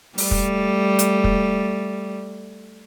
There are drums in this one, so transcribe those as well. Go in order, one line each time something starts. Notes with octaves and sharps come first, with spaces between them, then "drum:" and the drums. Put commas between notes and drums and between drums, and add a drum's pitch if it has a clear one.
G3 A3, drum: open hi-hat
drum: kick
drum: hi-hat
drum: kick